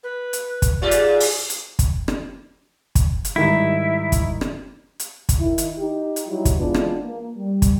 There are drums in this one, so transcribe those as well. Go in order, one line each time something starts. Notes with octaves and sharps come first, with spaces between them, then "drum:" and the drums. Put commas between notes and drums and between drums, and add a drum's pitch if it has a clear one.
B4
drum: hi-hat
drum: kick, hi-hat
G#2 F4 G4 D5
drum: hi-hat
drum: open hi-hat
drum: hi-hat
drum: kick, hi-hat
drum: rim click
drum: kick, hi-hat
drum: hi-hat
G#2 D#3 G3 E4
drum: kick, hi-hat
drum: rim click
drum: hi-hat
drum: kick, hi-hat
D#3 E4
drum: hi-hat
D#4 G4
drum: hi-hat
F#3 G3 D#4 E4
drum: kick, hi-hat
E3 G#3 B3 D4 F4
drum: rim click
A#3
G3
drum: kick, hi-hat